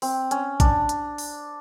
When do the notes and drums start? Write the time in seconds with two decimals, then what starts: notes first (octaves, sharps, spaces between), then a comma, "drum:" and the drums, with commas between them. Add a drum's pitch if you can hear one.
0.02 C4, drum: open hi-hat
0.31 C#4, drum: hi-hat
0.60 D4, drum: kick A#1, hi-hat
0.89 drum: hi-hat
1.18 drum: open hi-hat